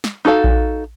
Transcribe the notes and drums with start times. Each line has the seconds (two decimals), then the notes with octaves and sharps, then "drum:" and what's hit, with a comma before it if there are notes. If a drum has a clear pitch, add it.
0.04 drum: snare
0.25 D#4 F#4 A4 F5
0.44 drum: kick A#1